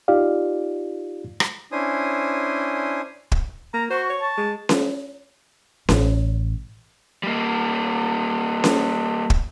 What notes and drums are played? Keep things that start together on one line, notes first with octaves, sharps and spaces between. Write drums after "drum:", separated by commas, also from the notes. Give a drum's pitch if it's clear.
D#4 F4 G4 D5 F5
drum: rim click
C#4 D4 E4 C5 G#5 D#6
drum: kick
A#3 A#5
F#4 C5 C#6
C#5
A5
G#3
drum: snare C#4
A1, drum: snare C#4
G3 A#3
drum: snare C#4
drum: kick